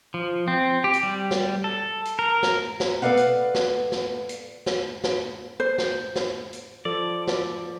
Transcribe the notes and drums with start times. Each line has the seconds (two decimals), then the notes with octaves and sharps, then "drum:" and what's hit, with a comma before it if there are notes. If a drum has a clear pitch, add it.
0.14 F3
0.48 C4
0.84 G4
0.94 drum: hi-hat
1.03 G3
1.31 drum: snare
1.64 A4
2.05 drum: hi-hat
2.19 A#4
2.43 drum: snare
2.80 drum: snare
3.02 B3 A4 B4 D5 F5 F#5
3.17 drum: hi-hat
3.55 drum: snare
3.92 drum: snare
4.29 drum: hi-hat
4.66 drum: snare
5.04 drum: snare
5.60 C5
5.78 drum: snare
6.16 drum: snare
6.53 drum: hi-hat
6.85 F3 A4 D5
7.27 drum: snare